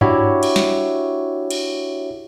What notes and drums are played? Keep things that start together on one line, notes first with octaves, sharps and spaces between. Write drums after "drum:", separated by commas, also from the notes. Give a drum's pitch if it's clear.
D4 E4 F#4 G4 C#5 E5, drum: tom G2
drum: cymbal
drum: snare
drum: cymbal